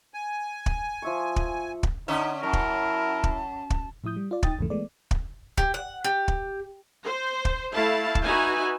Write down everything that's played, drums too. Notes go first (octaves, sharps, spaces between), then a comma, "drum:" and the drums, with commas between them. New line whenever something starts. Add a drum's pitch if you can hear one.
G#5
drum: kick
F3 E5 C#6
drum: kick
drum: kick
D3 C#4 D#4 E5
F#2 E4 A#4 A5
drum: kick
drum: kick
drum: kick
A2 F3 E4 D#6 G6
G3
F4 D5
B1 D#4 G5 D#6 A6, drum: kick
A#1 E2 G#2 C#3 E3 A3
E3 G#3 A3 B3 D5
drum: kick
G4, drum: kick
F#5
G4
drum: kick
C5
drum: kick
A3 E4 F5 A5
drum: kick
D#4 F#4 B4 E5 G#5